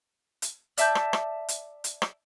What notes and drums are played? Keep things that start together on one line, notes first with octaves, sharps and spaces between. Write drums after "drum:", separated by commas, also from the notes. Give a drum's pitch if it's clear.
drum: hi-hat
D5 E5 A5 G6, drum: hi-hat
drum: rim click
drum: rim click
drum: hi-hat
drum: hi-hat
drum: rim click